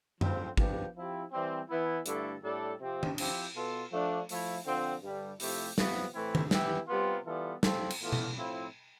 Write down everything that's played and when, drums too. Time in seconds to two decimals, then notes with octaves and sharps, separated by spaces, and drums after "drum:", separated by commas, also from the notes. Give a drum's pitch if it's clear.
0.21 D3 F3 C4, drum: tom F#2
0.57 F3 B3 D4 G4, drum: kick G#1
0.95 F3 C4 E4 G4
1.32 E3 G3 C4
1.70 E3 B3 E4
2.06 G2 D3 A3 E4 A4, drum: hi-hat
2.43 A2 G3 D4 A4
2.80 C3 F3 C4 G4
3.03 drum: tom
3.18 F3 C4 E4 G4, drum: cymbal
3.55 B2 B3 F4 A4
3.91 F3 A3 D4
4.29 F3 A3 E4, drum: open hi-hat
4.66 D3 F3 C4
5.03 G2 D3 G3 D4
5.40 C3 F3 A3 E4 G4, drum: open hi-hat
5.78 C3 F3 B3, drum: snare
6.14 A2 E3 A3 C4 E4
6.35 drum: tom D#3
6.51 E3 B3 E4 G4, drum: snare
6.88 C3 G3 B3 F4
7.25 E3 G3 B3 F4 A4
7.63 F3 C4 F4 A4, drum: snare
7.90 drum: cymbal
8.00 A2 E3 B3 F4 A4
8.12 drum: tom B2
8.37 A2 F3 C4 E4